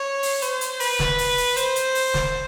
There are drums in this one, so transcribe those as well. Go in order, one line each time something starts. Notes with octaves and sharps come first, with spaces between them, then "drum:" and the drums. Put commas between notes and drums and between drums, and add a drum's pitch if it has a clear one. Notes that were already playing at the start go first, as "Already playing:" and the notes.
Already playing: C#5
drum: open hi-hat
C5, drum: hi-hat
drum: hi-hat
B4, drum: open hi-hat
drum: snare
drum: open hi-hat
drum: open hi-hat
C5, drum: hi-hat
drum: hi-hat
drum: open hi-hat
drum: snare